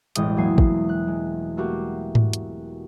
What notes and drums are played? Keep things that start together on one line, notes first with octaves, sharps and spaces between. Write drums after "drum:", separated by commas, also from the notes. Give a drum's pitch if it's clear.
E1 A1 G#3 G5 D#6, drum: hi-hat
E2 F#3 A#3 G#5 C7
drum: kick
F#6
G#3
A3 A#3 F#4 G4 A#4
drum: tom G#2
drum: hi-hat